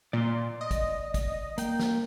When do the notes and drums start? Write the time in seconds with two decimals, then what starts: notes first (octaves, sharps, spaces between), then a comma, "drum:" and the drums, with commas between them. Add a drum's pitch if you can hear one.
0.13 A#2 D5 C6
0.61 D#5
0.71 drum: kick, hi-hat
1.14 drum: kick, hi-hat
1.58 A#3 G5, drum: hi-hat
1.80 drum: snare